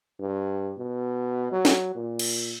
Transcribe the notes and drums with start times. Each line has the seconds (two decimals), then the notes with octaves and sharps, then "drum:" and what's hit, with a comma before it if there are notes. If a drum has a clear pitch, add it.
0.19 G2
0.78 B2
1.51 F#3
1.65 drum: snare
1.95 A#2
2.19 drum: cymbal